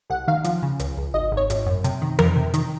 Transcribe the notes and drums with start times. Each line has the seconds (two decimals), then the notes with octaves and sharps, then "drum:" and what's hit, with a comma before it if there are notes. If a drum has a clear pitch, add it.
0.10 C2 F#5
0.28 D#3 F5
0.44 F3, drum: hi-hat
0.63 C#3
0.79 C#2, drum: hi-hat
0.97 C#2
1.14 G#1 D#5
1.32 G#1
1.37 C#5
1.50 G#1, drum: hi-hat
1.66 F#2
1.84 C3, drum: hi-hat
2.02 D#3
2.19 F2 A#4, drum: tom E3
2.36 C3
2.54 D#3, drum: hi-hat